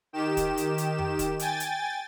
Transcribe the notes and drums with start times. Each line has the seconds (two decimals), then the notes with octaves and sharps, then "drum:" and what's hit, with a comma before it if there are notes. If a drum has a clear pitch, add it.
0.13 D#3 G4 E7
0.37 drum: kick, hi-hat
0.57 drum: hi-hat
0.78 drum: hi-hat
0.98 drum: tom F2
1.19 drum: kick, hi-hat
1.39 G5 G#5 A6, drum: hi-hat
1.60 drum: hi-hat